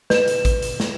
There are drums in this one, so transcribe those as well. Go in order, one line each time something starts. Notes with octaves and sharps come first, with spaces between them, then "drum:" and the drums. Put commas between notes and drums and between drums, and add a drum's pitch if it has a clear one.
B4 E7, drum: snare
drum: hi-hat
drum: kick A1, hi-hat
drum: hi-hat
drum: snare